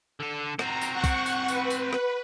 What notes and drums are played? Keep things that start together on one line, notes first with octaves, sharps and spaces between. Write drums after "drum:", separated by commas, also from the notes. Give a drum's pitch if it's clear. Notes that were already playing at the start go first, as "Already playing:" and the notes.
D3 A4
C4 F#4 A#5, drum: rim click
drum: tambourine
F#5 C#6
drum: kick, tambourine
drum: tambourine
B4, drum: tambourine
drum: tambourine
drum: rim click